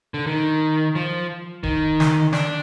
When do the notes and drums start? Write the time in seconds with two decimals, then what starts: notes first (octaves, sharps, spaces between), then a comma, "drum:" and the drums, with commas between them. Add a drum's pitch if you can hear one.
0.14 D3
0.27 D#3
0.95 F3
1.63 D#3, drum: kick D1
2.00 drum: snare
2.33 D4, drum: snare